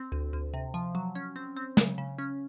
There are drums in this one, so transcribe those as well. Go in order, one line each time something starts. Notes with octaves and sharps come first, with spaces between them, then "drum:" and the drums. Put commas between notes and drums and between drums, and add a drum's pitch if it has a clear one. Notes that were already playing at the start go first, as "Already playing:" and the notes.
Already playing: C4
D2
D2
C3
F3
F#3
C#4
C4
C4
C#3, drum: snare
C#3
C#4